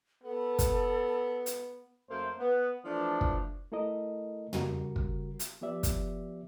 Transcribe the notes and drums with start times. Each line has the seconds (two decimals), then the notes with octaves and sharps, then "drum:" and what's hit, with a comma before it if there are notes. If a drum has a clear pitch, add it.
0.23 B3 A4
0.59 drum: kick, hi-hat
1.46 drum: hi-hat
2.10 F#2 A3 A#3 C5
2.39 B3
2.85 E3 F3 A3 D4
3.21 drum: kick
3.72 A3 E4 A4 A#4 D#5
4.53 C#3 G3 F#4 A#4, drum: tom
4.96 drum: kick
5.39 drum: hi-hat
5.61 F3 B3 G4 D5 E5
5.83 drum: kick, hi-hat